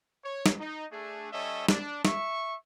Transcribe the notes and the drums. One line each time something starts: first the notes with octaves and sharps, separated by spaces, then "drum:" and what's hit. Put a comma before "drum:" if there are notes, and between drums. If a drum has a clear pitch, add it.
C#5
drum: snare
D#4
A3 D4 G#4
G3 C#4 A4 C#5 D#5 E5
D4, drum: snare
E5 C#6, drum: snare